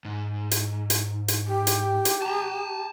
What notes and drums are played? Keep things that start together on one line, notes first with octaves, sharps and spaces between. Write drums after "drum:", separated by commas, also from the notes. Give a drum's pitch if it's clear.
G#2
drum: hi-hat
drum: hi-hat
drum: hi-hat
G4
drum: hi-hat
drum: hi-hat
A5 A#5